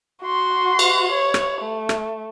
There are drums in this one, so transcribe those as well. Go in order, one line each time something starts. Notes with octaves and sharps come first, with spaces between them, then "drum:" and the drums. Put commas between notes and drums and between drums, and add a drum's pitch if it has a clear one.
F#4 C6
drum: cymbal
C#5
drum: rim click
A3
drum: rim click